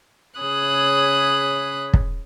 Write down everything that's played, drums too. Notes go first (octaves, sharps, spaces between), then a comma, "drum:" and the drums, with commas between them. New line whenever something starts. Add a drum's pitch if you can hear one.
C#3 G#4 C#5 B5 D#6 F#6
drum: kick